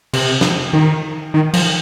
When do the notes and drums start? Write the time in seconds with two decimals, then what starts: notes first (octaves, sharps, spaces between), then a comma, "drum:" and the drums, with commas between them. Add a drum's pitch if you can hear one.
0.13 C3, drum: cymbal
0.41 drum: snare
0.73 D#3
1.34 D#3
1.54 F3, drum: cymbal